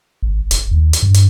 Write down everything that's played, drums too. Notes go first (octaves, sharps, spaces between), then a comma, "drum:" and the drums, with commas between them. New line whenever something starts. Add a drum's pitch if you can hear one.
G#1
F#1, drum: hi-hat
D#2
drum: hi-hat
G2
drum: hi-hat